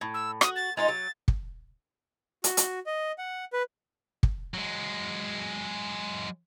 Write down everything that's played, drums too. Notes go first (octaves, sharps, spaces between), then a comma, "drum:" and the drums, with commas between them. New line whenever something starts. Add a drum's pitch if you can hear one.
A2
E6
F#4 D#6, drum: rim click
A6
G#3 D#4 F4 A6
F#3
drum: kick
F#4, drum: hi-hat
drum: hi-hat
D#5
F#5
B4
drum: kick
F#3 G#3